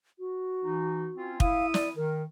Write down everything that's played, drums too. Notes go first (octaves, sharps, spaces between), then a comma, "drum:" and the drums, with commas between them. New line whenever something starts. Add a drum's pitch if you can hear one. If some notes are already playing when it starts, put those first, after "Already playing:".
F#4
E3 D#4
C4 C#4 F4
E4 F5 D#6, drum: kick
D5, drum: snare
D#3 A#4